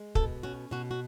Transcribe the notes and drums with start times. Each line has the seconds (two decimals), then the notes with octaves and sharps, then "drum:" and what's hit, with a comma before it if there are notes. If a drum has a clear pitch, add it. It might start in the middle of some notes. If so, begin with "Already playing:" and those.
Already playing: G#3
0.15 B2 A4, drum: kick
0.43 C#4 F#4
0.71 B2 F#4
0.91 F#4